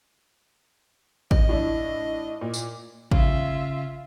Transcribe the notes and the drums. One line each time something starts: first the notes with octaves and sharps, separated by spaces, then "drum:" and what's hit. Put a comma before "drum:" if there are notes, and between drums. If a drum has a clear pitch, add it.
D#5, drum: kick G#1
A2 D4 E4
A#2
drum: tambourine
C#3 F4 E5, drum: kick G#1